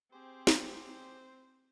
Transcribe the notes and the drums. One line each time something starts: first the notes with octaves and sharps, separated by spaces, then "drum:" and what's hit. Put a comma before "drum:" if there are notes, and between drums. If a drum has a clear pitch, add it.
C4 G4 G#4 C5
drum: snare